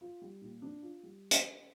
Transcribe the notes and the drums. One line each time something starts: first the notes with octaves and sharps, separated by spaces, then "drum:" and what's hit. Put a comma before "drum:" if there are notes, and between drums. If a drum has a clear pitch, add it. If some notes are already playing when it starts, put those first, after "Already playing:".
F4
G3
A#2
D4
F4
G3
drum: hi-hat